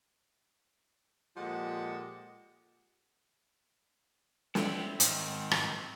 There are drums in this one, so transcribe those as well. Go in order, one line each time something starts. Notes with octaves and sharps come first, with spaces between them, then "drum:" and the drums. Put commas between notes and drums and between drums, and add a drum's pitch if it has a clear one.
A#2 F3 G#3 G4 A4 F#5
B3 C4 E4 G5, drum: snare
G#2 D#3 C4, drum: hi-hat
drum: rim click